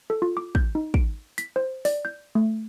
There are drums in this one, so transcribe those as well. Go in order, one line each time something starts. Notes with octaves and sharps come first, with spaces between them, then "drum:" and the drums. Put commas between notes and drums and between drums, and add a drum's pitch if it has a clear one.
A4
F4
D6
G6, drum: kick
D#4
D7, drum: kick
B6, drum: hi-hat
C5
D5, drum: open hi-hat
G6
A3